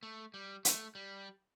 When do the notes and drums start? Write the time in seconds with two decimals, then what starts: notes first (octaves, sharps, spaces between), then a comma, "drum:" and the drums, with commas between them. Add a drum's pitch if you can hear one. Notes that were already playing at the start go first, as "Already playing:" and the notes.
0.03 A3
0.34 G3
0.65 A3, drum: hi-hat
0.95 G3